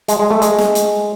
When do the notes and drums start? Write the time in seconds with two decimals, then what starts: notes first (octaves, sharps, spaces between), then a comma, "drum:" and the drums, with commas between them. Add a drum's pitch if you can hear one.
0.08 G#3, drum: hi-hat
0.19 G#3
0.31 A3
0.42 G#3, drum: hi-hat
0.58 drum: snare
0.75 drum: hi-hat